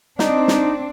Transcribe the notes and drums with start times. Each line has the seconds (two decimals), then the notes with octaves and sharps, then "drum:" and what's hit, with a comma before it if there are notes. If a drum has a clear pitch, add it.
0.19 C4 D4 D#4, drum: snare
0.48 drum: snare